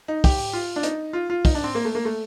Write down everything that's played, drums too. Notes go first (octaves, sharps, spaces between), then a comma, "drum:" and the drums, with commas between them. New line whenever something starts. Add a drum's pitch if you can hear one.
D#4
G4, drum: kick, open hi-hat
F4
D4
D#4, drum: hi-hat
F4
F4
D#4, drum: kick, open hi-hat
D4
C4
A#3
A3
A#3
A3